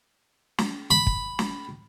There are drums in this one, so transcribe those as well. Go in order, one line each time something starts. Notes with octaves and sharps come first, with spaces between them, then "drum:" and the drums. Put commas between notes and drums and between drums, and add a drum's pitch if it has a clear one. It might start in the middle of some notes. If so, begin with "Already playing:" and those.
drum: snare
B5
drum: kick
drum: snare